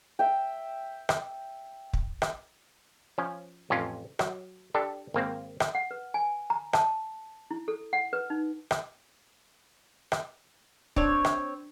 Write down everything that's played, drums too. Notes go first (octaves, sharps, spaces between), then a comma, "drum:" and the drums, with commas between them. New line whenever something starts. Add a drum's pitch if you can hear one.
E5 G5
drum: rim click
drum: kick
drum: rim click
F3 C#4
A1 F2 C#4 F4
F#3, drum: rim click
D4 G4 A4
G#1 A#3 C4
drum: rim click
F#5
B4
G#5
A#5
A5, drum: rim click
E4
A4
F#5
B4
D#4
drum: rim click
drum: rim click
C4 D4 C#5, drum: kick
drum: rim click